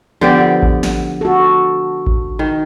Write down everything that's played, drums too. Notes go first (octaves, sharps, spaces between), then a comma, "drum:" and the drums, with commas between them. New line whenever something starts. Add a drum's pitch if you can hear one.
D3 F3 B3 G4 D5
drum: kick A1
drum: snare
F#4 A4
drum: kick A1
D#3